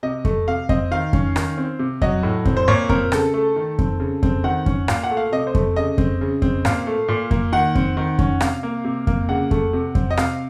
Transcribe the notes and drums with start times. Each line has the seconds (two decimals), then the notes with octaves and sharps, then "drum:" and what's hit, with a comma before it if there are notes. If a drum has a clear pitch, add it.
0.03 C3 D#5
0.25 A3, drum: kick F2
0.47 C3 F5
0.69 C4 D#5, drum: kick F2
0.91 D#3 F5
1.13 C#4, drum: kick F2
1.36 D#3, drum: rim click
1.58 C4
1.79 C3
2.01 F#3 D#5, drum: kick F2
2.23 A2
2.45 C4, drum: kick F2
2.57 C5
2.68 A#2 C#5
2.89 C4 A#4, drum: kick F2
3.12 C#3 A4, drum: rim click
3.34 A3
3.56 D#3
3.79 C4, drum: kick F2
4.00 C#3
4.23 C4, drum: kick F2
4.44 D#3 F#5
4.66 C#4, drum: kick F2
4.88 A#2 F5, drum: rim click
5.03 F#5
5.11 A3
5.17 F5
5.32 C3 D#5
5.47 C5
5.55 A3, drum: kick F2
5.76 C#3 D#5
5.98 C4, drum: kick F2
6.21 C#3
6.42 C4, drum: kick F2
6.65 A#2 F5, drum: rim click
6.87 A3
7.08 A#2
7.31 A#3, drum: kick F2
7.52 D#3 F#5
7.75 C4, drum: kick F2
7.97 D#3
8.19 C#4, drum: kick F2
8.41 C3 F5, drum: rim click
8.63 A#3
8.85 C3
9.07 A#3, drum: kick F2
9.29 C#3 F#5
9.51 A3, drum: kick F2
9.73 C3
9.95 C4, drum: kick F2
10.11 D#5
10.17 C3 F5, drum: rim click